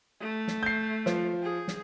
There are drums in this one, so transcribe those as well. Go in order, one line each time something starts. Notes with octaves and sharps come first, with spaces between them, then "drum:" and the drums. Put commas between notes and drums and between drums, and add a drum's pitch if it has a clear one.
A3
drum: snare
G6 C7
F3, drum: snare
G#4
drum: snare